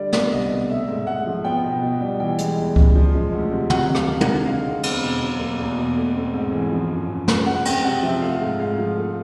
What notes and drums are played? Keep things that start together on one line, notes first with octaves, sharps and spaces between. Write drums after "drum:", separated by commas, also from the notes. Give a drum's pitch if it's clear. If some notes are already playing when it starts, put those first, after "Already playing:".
Already playing: D3 G3 D5
B3, drum: snare
C2 D#5
B2
A3 E5
G#2
G#2 F#5
F3
B3 G5
B2
B2
G3
E3 G5
G#3, drum: hi-hat
E2
C#3, drum: kick C#2
F3
G#3
D2
C3
F#3 F#5, drum: tom
F2
F5, drum: rim click
F2
F#5, drum: tom
D3
G#3 F5
C4
E2, drum: cymbal
B2
F#3
A#3
E2
B2
A3
C4
G#2
E3
F3
F#2
F#2
C#3, drum: snare
G#3 F#5
C4 G5, drum: cymbal
C3 F#5
F3 E5
A3 F5
G#2
G#2 F5
F3
A3